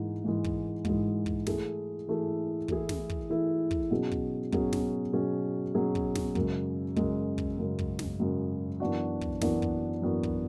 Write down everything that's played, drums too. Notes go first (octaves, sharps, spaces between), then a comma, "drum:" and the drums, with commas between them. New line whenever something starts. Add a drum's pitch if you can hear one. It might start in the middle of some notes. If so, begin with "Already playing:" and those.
Already playing: G#2 E3 G#3
G#2 E3 G#3
drum: kick
G#2 E3 G#3, drum: kick
drum: kick
E3 A3 E4 G#4, drum: snare
E3 A3 E4 G#4
E3 A3 E4 G#4, drum: kick
drum: snare
drum: kick
E3 A3 E4 G#4
drum: kick
B2 F#3 C#4 G#4
drum: kick
B2 F#3 C#4 G#4, drum: kick
drum: snare
B2 F#3 C#4 G#4
B2 F#3 C#4 G#4
drum: kick
drum: snare
F#2 C#3 G#3, drum: kick
F#2 C#3 G#3, drum: kick
drum: kick
F#2 C#3 G#3
drum: kick
drum: snare
F#2 C#3 G#3
F#2 E3 B3 D4 F#4
drum: kick
F#2 E3 B3 D4 F#4, drum: snare
drum: kick
F#2 E3 B3 D4 F#4
drum: kick